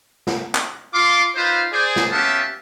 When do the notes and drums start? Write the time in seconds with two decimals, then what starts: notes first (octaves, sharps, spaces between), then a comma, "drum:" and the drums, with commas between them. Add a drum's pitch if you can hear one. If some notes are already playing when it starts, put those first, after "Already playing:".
0.27 drum: snare
0.55 drum: clap
0.93 F4 C6 D6
1.36 D#4 F4 B4 C5
1.72 G#4 C5 D5
1.96 drum: snare
2.12 B3 C#4 G4 E5 F5 A5